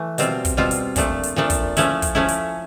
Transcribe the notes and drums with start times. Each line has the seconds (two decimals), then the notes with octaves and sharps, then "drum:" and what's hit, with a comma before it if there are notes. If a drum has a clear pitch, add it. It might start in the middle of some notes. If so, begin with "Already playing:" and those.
Already playing: E3 A3
0.18 B2 G3 C4 F4, drum: hi-hat
0.45 drum: kick, hi-hat
0.57 B2 G3 C4 F4
0.71 drum: hi-hat
0.96 A#2 F3 A3 D4, drum: kick, hi-hat
1.23 drum: hi-hat
1.36 A#2 F3 A3 D4
1.50 drum: kick, hi-hat
1.77 F3 A3 C#4 E4, drum: hi-hat
2.02 drum: kick, hi-hat
2.15 F3 A3 C#4 E4
2.28 drum: hi-hat